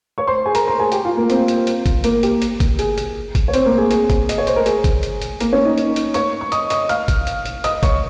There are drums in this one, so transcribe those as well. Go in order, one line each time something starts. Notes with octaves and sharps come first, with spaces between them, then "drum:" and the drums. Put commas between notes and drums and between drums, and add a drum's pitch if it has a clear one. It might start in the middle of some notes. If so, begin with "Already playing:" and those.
C#5 C#6
C5 C6
G#4 G#5
A#4 A#5, drum: hi-hat
A#4 A#5
G#4 G#5
G4 G5, drum: hi-hat
F4 F5
A#3 A#4
C4 C5, drum: hi-hat
drum: hi-hat
drum: hi-hat
drum: kick G1, hi-hat
A#3 A#4, drum: hi-hat
G4, drum: hi-hat
drum: hi-hat
drum: kick G1, hi-hat
G#4, drum: hi-hat
drum: hi-hat
drum: kick G1, hi-hat
C#5
C4 C5, drum: hi-hat
A#3 A#4
G#4
G#4, drum: hi-hat
drum: kick G1, hi-hat
D#5, drum: hi-hat
C#5
C5, drum: hi-hat
A#4
G#4, drum: hi-hat
drum: kick G1, hi-hat
drum: hi-hat
drum: hi-hat
A#3 A#4, drum: hi-hat
C#4 C#5
D#4 D#5
drum: hi-hat
drum: hi-hat
C#5 C#6, drum: hi-hat
C#6
D#5 D#6, drum: hi-hat
D#5 D#6, drum: hi-hat
F5 F6, drum: hi-hat
drum: kick G1, hi-hat
drum: hi-hat
drum: hi-hat
D#5 D#6, drum: hi-hat
C#5 C#6, drum: kick G1, hi-hat